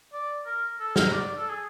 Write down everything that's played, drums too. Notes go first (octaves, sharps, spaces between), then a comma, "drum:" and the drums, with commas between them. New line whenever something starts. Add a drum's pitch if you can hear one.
D5
A#4
A4
A#4, drum: snare
D5
A4
G#4